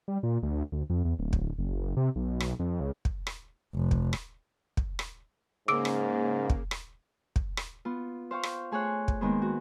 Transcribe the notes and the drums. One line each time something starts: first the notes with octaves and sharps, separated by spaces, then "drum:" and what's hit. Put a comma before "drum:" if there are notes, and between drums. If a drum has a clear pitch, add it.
G3
A#2
D2
D2
F2
E2
D1
drum: kick
F#1
C3
B1
drum: rim click
F2
C#2
drum: kick
drum: rim click
F1
drum: kick
drum: rim click
drum: kick
drum: rim click
G#2 C#3 A#3 D6 E6 D7
drum: rim click
drum: kick
drum: rim click
drum: kick
drum: rim click
B3 F4
C5 F5 G5 C#6
drum: rim click
A3 G#4 C5 C#5 F#6
drum: kick
D#3 G#3 A#3 B3 C5
F#4